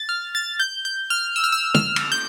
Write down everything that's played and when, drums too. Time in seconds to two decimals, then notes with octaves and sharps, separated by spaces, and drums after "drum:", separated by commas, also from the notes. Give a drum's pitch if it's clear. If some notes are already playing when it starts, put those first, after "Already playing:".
Already playing: A6
0.09 F6
0.35 A6
0.60 G6
0.85 G6
1.10 F6
1.36 E6
1.44 F6
1.52 E6
1.74 F6, drum: tom
1.96 drum: cymbal
2.12 G6